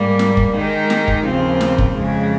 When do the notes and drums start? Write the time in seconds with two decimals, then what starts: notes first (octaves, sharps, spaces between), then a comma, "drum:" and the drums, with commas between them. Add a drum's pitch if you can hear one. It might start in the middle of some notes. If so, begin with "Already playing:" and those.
Already playing: G#2 G3 A#3
0.19 drum: snare
0.37 drum: kick
0.55 D#3 G#3 D#4 G4
0.90 drum: snare
1.08 drum: kick
1.25 D#2 C#3 F3 C4 F4
1.61 drum: snare
1.78 drum: kick
1.96 F2 C#3 G#3